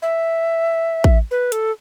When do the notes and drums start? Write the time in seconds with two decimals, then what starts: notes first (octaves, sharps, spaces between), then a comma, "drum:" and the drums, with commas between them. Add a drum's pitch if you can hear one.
0.02 E5
1.04 drum: kick A1
1.31 B4
1.52 A4, drum: hi-hat